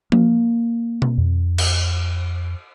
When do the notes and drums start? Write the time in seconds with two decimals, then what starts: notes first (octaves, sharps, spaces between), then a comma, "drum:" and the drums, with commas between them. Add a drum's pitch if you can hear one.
0.12 A#3, drum: tom F3
1.02 drum: tom B2
1.18 F2
1.58 drum: cymbal